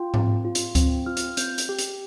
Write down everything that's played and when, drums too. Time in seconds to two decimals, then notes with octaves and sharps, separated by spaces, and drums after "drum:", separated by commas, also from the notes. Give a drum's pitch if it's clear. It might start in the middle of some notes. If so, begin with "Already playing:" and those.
Already playing: F4 G5
0.14 C4, drum: tom G#2
0.45 F4
0.55 drum: hi-hat
0.75 C4, drum: kick C#2, hi-hat
1.06 F4 F6
1.17 drum: hi-hat
1.37 C4 G6, drum: hi-hat
1.58 drum: hi-hat
1.69 G4
1.79 drum: hi-hat